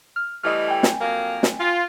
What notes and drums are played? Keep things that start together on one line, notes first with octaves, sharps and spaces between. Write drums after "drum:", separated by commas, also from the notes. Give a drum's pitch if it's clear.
F6
E3 G3 A3 D#5 F6
G5 G#5
drum: snare
F2 F#3 A#3
drum: snare
F4